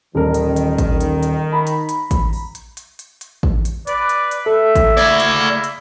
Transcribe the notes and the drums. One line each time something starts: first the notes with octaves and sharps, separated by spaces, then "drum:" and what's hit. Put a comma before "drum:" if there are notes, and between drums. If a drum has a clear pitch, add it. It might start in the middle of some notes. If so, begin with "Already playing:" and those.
D#1 A1 D#3 A#4
drum: hi-hat
drum: hi-hat
drum: kick A1, hi-hat
drum: hi-hat
drum: hi-hat
A#5 B5
drum: hi-hat
drum: hi-hat
drum: kick A1, hi-hat
drum: open hi-hat
drum: hi-hat
drum: hi-hat
drum: hi-hat
drum: hi-hat
drum: kick A1
drum: hi-hat
B4 D5, drum: hi-hat
drum: hi-hat
drum: hi-hat
A4 E5
drum: kick A1, hi-hat
C#3 A3 A#3 E4 D5 G#6, drum: open hi-hat
drum: hi-hat
drum: hi-hat